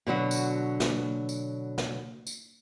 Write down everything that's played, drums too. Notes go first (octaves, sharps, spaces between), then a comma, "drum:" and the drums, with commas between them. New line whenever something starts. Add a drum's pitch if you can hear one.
B2 D3 F#3 F#4
drum: tambourine
drum: snare
drum: tambourine
drum: snare
drum: tambourine